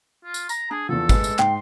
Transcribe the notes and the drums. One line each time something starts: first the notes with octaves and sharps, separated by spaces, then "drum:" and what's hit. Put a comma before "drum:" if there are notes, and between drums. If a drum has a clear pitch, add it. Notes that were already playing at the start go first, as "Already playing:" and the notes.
F4
drum: tambourine
A#5, drum: tambourine
D4 G#4
E2 F3 A4
G#3 B4, drum: kick, tambourine
drum: tambourine
G#2 G5 C6, drum: clap